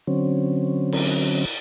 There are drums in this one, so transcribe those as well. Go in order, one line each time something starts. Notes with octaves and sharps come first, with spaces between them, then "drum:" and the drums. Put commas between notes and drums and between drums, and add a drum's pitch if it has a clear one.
D3 F#3 C4 C#4
drum: cymbal